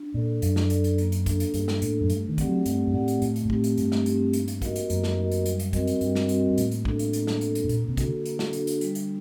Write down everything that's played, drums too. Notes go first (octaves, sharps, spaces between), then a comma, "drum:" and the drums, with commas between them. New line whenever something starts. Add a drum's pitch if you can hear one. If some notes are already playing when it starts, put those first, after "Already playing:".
Already playing: D4
A#2 A4 D5
F#2 D4, drum: hi-hat
drum: snare
A4 D5, drum: hi-hat
drum: hi-hat
A#3, drum: hi-hat
drum: hi-hat
D4 A4, drum: kick, hi-hat
drum: hi-hat
G2 A#3, drum: hi-hat
drum: snare
A2 D4 A4, drum: hi-hat
F#2
G2 A3, drum: hi-hat
D#3
C4 G4 D5 F#5, drum: kick, hi-hat
F#3
G2 A3, drum: hi-hat
G2
A2 C4 G4 D5 F#5
drum: hi-hat
A2 A3, drum: hi-hat
drum: hi-hat
A#2
A2 C4 D#4 G4, drum: kick
drum: hi-hat
G2 A3, drum: hi-hat
drum: snare
C4 D#4 G4, drum: hi-hat
A#3, drum: hi-hat
drum: hi-hat
D#4 F#4 A#4 D#5, drum: kick, hi-hat
drum: hi-hat
F#2 A#3, drum: hi-hat
drum: snare
D#4 F#4 A#4 D#5
drum: hi-hat
G3, drum: hi-hat
drum: hi-hat
C4 F#4 A#4 D#5, drum: kick, hi-hat
drum: hi-hat
G2 G3, drum: hi-hat
drum: snare
C4 F#4 A#4 D#5, drum: hi-hat
G2
A2 A#3, drum: hi-hat
drum: hi-hat
D4 A4, drum: kick
drum: hi-hat
A#3, drum: hi-hat
drum: snare
D4 A4, drum: hi-hat
drum: hi-hat
A2
A#2 A#3, drum: hi-hat
C3
D4 F#4 A4, drum: kick, hi-hat
D3
A#3, drum: hi-hat
drum: snare
D4 F#4 A4, drum: hi-hat
drum: hi-hat
G3, drum: hi-hat
drum: hi-hat